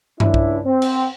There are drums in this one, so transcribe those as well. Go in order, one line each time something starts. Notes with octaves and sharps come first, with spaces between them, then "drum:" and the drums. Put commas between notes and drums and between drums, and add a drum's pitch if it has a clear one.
C#2 D4 E4, drum: tom G2
drum: kick B1
C4
drum: cymbal